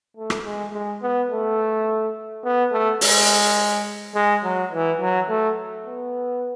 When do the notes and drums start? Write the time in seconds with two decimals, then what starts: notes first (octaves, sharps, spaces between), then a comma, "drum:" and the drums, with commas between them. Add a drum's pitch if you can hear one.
0.17 A3
0.30 drum: rim click
0.45 G#3
0.73 G#3
1.02 B3
1.31 A3
2.44 B3
2.72 A3
3.01 G#3, drum: open hi-hat
4.15 G#3
4.43 F#3
4.72 E3
5.00 F#3
5.29 A3
5.86 B3